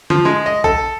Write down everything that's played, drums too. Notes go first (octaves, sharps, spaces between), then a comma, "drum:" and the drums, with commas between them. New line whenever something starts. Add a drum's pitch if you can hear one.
F3, drum: tom D3
G#3
D#5
A4, drum: kick A#1